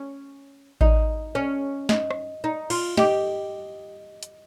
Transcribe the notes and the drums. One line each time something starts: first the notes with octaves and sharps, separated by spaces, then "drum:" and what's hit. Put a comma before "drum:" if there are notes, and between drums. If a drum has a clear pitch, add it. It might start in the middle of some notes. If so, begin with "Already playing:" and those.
Already playing: C#4
D#4 D#5, drum: kick A1
C#4
D#5, drum: snare
drum: rim click
D#4
F4, drum: cymbal
G4 D#5, drum: snare
drum: hi-hat